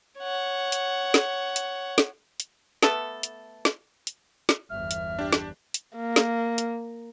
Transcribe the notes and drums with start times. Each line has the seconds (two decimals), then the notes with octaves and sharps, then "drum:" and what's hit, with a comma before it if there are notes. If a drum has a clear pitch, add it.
0.18 C#5 F#5
0.72 drum: hi-hat
1.14 drum: snare
1.56 drum: hi-hat
1.98 drum: snare
2.40 drum: hi-hat
2.83 A3 B3 A4, drum: snare
3.23 drum: hi-hat
3.65 drum: snare
4.07 drum: hi-hat
4.49 drum: snare
4.70 G1 E2 E5 F6
4.91 drum: hi-hat
5.19 D4 G4
5.33 drum: snare
5.74 drum: hi-hat
5.96 A#3
6.16 drum: snare
6.58 drum: hi-hat